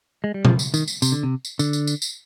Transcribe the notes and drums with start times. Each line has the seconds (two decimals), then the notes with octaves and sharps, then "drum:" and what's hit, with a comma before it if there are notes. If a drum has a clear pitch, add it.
0.24 G#3
0.34 G3
0.45 F3, drum: tom B2
0.59 drum: tambourine
0.74 D#3, drum: tambourine
0.88 drum: tambourine
1.02 C3, drum: tambourine
1.12 D3
1.23 C3
1.45 drum: tambourine
1.59 D3, drum: tambourine
1.73 drum: tambourine
1.87 drum: tambourine
2.02 drum: tambourine